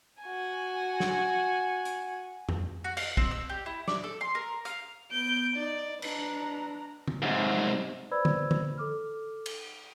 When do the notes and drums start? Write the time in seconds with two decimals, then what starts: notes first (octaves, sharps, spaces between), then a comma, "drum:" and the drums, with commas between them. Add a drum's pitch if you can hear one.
0.22 F#4 G#5
1.00 drum: snare
1.85 drum: hi-hat
2.49 drum: tom F2
2.84 F#4
2.97 F5, drum: cymbal
3.17 C4, drum: kick
3.31 E6
3.49 G4
3.66 E4
3.88 D5, drum: snare
4.04 A4
4.21 C6
4.35 A#4
4.65 F5, drum: hi-hat
5.11 B3 G6 D7
5.56 D#4 D5
6.02 D4 B4 A#5, drum: cymbal
7.08 drum: tom
7.22 G#2 C3
8.11 B4 C5 D5 B5 E6 G#6
8.25 drum: tom D3
8.51 drum: tom D3
8.78 A4 D6 F6
9.46 drum: cymbal